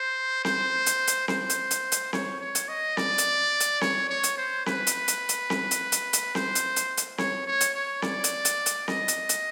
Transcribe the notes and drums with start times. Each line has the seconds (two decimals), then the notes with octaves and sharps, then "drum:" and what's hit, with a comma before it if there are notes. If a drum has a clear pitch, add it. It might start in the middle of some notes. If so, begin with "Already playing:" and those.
Already playing: C5
0.45 C5, drum: snare C4
0.86 drum: hi-hat
1.08 drum: hi-hat
1.28 C5, drum: snare C4
1.50 drum: hi-hat
1.71 drum: hi-hat
1.92 drum: hi-hat
2.13 C#5, drum: snare C4
2.41 C#5
2.55 drum: hi-hat
2.69 D#5
2.97 D5, drum: snare C4
3.18 drum: hi-hat
3.60 drum: hi-hat
3.81 C#5, drum: snare C4
4.09 C#5
4.24 drum: hi-hat
4.38 C5
4.66 B4, drum: snare C4
4.87 drum: hi-hat
5.08 drum: hi-hat
5.29 drum: hi-hat
5.50 drum: snare C4
5.71 drum: hi-hat
5.92 drum: hi-hat
6.13 drum: hi-hat
6.35 C5, drum: snare C4
6.55 drum: hi-hat
6.76 drum: hi-hat
6.97 drum: hi-hat
7.18 C#5, drum: snare C4
7.47 C#5
7.61 drum: hi-hat
7.74 C#5
8.02 D5, drum: snare C4
8.24 drum: hi-hat
8.45 drum: hi-hat
8.66 drum: hi-hat
8.88 D#5, drum: snare C4
9.08 drum: hi-hat
9.29 drum: hi-hat